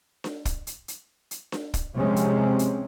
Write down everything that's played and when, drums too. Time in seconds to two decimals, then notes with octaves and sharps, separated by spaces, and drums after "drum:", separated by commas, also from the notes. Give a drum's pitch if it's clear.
0.24 drum: snare D4
0.45 drum: kick, hi-hat
0.67 drum: hi-hat
0.88 drum: hi-hat
1.31 drum: hi-hat
1.52 drum: snare D4
1.74 drum: kick, hi-hat
1.95 C3 F3 G#3 C4 C#4
2.16 drum: hi-hat
2.59 drum: hi-hat